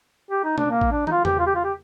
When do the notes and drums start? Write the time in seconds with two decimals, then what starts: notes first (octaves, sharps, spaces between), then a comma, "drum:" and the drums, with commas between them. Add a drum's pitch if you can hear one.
0.31 G4
0.44 D#4
0.58 D4, drum: tom
0.71 A#3
0.81 drum: kick A1
0.92 D4
1.07 D#4, drum: tom
1.11 F4
1.25 G4, drum: tom E2
1.39 F4
1.46 G4
1.55 F4
1.64 G4